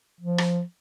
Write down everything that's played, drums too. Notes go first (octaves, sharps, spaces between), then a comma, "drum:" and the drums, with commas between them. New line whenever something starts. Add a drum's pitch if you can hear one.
F3
drum: rim click